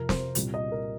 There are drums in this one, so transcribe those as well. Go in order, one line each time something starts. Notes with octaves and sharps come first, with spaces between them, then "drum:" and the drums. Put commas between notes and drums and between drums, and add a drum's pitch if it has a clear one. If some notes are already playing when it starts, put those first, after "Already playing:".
Already playing: F2 C3 F3 A#4
C5, drum: snare
C2 A#2 G3, drum: hi-hat
D#5
A#4